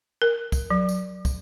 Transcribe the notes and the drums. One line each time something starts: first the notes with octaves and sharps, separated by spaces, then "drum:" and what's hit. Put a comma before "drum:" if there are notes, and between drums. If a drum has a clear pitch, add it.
A#4
drum: kick, tambourine
F#3
drum: tambourine
drum: kick, tambourine